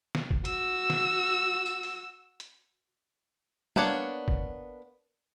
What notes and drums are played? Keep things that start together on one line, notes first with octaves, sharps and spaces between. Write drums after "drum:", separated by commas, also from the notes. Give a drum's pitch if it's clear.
drum: snare
drum: kick G1
F#4 E6, drum: hi-hat
drum: snare
drum: tambourine
drum: open hi-hat
drum: hi-hat
A#3 B3 D4 C#5, drum: tom
drum: kick G1